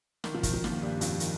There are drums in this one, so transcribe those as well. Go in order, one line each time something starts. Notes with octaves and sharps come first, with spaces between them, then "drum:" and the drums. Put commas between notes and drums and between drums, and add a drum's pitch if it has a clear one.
D#3, drum: snare
F3
D#3, drum: kick, hi-hat
F3
D#2 D#3, drum: snare
G2 G3
F2 F3, drum: hi-hat
D#3, drum: hi-hat